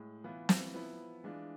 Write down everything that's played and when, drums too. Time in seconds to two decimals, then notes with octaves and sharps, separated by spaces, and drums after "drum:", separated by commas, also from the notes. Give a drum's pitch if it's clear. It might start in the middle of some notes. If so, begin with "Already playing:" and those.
Already playing: A2 G#3
0.24 E3 B3 F4
0.49 drum: snare
0.74 F3 B3 E4
1.24 E3 G#3 D4 F4